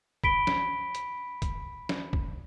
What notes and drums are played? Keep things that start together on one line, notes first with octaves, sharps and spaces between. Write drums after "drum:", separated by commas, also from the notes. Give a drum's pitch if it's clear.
B5 B6 D7 G7, drum: kick
drum: snare
drum: hi-hat
drum: kick, hi-hat
drum: snare
drum: kick